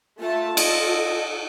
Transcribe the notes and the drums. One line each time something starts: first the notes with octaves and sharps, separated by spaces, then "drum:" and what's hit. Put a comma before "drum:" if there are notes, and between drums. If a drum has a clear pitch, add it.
A3 F4 A5
A4 D#5, drum: cymbal